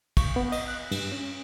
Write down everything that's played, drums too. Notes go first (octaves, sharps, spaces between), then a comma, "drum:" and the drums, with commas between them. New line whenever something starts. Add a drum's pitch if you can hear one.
C#6, drum: kick, cymbal
B3
D#5, drum: cymbal
F#6
G2, drum: cymbal
C#4